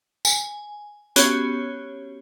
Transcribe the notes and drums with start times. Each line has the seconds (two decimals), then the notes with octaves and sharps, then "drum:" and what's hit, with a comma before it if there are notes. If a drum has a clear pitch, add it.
0.25 G#5, drum: tambourine
1.16 B3 C#4 F#4 G4 C#5, drum: hi-hat